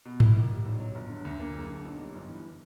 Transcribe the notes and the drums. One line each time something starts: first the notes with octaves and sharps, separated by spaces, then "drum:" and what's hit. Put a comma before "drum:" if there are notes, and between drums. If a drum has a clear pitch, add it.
B2
E4, drum: tom G#2
A#1
G3
B1
F#3
G1
D3
D2
A#3
F#1
D3
B1
G3
G1
E3